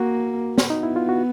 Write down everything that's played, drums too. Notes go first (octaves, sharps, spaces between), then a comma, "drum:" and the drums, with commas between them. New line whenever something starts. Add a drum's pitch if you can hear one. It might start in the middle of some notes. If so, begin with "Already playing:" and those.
Already playing: A#3 F#4
B3, drum: snare
D#4
E4
F4
F#4